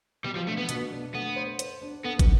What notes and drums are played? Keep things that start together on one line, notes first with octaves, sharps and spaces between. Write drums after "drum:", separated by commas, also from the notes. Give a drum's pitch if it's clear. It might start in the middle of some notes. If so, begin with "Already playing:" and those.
B2 G3
F3
A3 D4
B3
B2, drum: hi-hat
D4
A3 B3
C5
C5, drum: hi-hat
D4
B3 A4
drum: kick, hi-hat